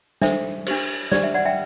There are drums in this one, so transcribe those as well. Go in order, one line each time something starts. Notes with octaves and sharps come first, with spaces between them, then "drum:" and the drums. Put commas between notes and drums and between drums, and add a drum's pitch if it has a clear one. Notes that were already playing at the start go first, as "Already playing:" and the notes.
D4 A4 C5 E5, drum: snare
D4 G4 C5, drum: cymbal
D4 G4 C5 D5, drum: snare
E5
D5 F#5
E5 G5